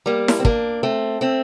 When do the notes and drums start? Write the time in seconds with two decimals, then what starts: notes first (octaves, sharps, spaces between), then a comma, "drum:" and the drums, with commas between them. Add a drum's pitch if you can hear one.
0.06 G3 A#3
0.28 drum: snare E4
0.40 C4
0.45 A#3 D4, drum: kick
0.83 A3 C4
1.21 A3 C4